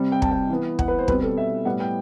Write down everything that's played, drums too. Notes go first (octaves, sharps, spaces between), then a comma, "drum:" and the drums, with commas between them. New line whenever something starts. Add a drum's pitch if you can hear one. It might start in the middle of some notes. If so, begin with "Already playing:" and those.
Already playing: C3 G3 C4
G5
A5, drum: kick
G5
E3 B3
F#5, drum: kick
B4
C5
B2 G3 C4 B4, drum: kick
A4
E5
A2 G3 B3 F#5
G5